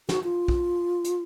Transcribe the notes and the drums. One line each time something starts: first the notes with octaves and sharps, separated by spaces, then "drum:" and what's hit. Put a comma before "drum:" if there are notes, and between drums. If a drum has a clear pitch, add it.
F#4, drum: snare
F4
drum: kick
drum: hi-hat